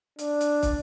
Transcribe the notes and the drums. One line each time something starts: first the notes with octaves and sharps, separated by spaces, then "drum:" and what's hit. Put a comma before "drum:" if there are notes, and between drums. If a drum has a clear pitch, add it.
D4, drum: hi-hat
drum: hi-hat
drum: kick, hi-hat